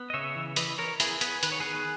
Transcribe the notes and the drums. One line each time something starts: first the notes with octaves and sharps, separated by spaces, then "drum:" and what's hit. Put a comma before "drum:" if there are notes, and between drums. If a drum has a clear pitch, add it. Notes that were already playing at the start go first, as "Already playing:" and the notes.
Already playing: B3
D#5
C#3 C#5 E5
E3
E3 B4 D#5, drum: hi-hat
E3 A#4 C#5
B3 E4 G#4, drum: hi-hat
B3 G#4 B4, drum: hi-hat
D#3 B4, drum: hi-hat
C#5
B3 G#4 B4